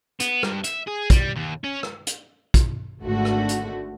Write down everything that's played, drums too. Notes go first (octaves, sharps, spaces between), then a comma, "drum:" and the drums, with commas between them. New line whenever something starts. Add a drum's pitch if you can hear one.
B3, drum: hi-hat
G2, drum: rim click
E5, drum: hi-hat
G#4
G3, drum: kick, hi-hat
D#2
C#4
drum: rim click
drum: hi-hat
drum: kick, hi-hat
G#1 D3 A3 F#4
drum: rim click
drum: hi-hat